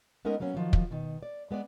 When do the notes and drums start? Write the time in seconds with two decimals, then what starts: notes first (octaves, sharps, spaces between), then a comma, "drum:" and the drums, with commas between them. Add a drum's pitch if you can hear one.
0.25 G#3 B3 C#4 D#4 A#4 D#5
0.40 F#3 A#3 B3 C#4
0.55 D#3 F3 F#3
0.73 drum: kick
0.90 B2 D#3
1.23 D5
1.51 G#3 B3 C4 D5